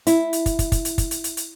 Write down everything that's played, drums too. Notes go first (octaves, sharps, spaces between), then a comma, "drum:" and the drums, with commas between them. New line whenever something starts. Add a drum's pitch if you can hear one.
E4, drum: hi-hat
drum: hi-hat
drum: kick, hi-hat
drum: kick, hi-hat
drum: kick, hi-hat
drum: hi-hat
drum: kick, hi-hat
drum: hi-hat
drum: hi-hat
drum: hi-hat